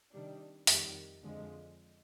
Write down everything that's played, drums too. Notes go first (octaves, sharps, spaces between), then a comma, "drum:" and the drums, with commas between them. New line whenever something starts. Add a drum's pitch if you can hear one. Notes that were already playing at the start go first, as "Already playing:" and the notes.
C3 D#3 G3 D4
F2 D#3 G3, drum: open hi-hat
F2 D3 F3 G#3